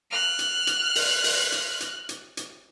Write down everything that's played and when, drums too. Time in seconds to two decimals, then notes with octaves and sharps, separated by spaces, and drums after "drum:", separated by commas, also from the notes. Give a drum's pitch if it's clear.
0.10 F6 F#6
0.39 drum: hi-hat
0.67 drum: hi-hat
0.95 drum: open hi-hat
1.24 drum: open hi-hat
1.52 drum: hi-hat
1.80 drum: hi-hat
2.09 drum: hi-hat
2.37 drum: hi-hat